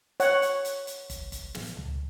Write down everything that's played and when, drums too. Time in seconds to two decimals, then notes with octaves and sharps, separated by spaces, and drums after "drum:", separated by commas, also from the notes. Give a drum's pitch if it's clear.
0.20 C#5 F#5, drum: hi-hat
0.42 drum: hi-hat
0.65 drum: hi-hat
0.87 drum: hi-hat
1.10 drum: kick, hi-hat
1.32 drum: kick, hi-hat
1.55 drum: snare
1.77 drum: tom C#2